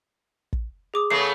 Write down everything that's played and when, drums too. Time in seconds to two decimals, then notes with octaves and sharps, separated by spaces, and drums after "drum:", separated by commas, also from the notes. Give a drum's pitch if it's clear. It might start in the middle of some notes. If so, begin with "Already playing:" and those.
0.53 drum: kick
0.94 G#4 D6 D#6
1.10 C#3 A3 B3 C7